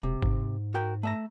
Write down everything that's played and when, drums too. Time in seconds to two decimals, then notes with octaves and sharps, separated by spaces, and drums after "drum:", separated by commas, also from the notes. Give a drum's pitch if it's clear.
0.03 E1 C3
0.22 G#2, drum: kick G1
0.74 F#4 A#4 G5
1.03 A3 E5 A#5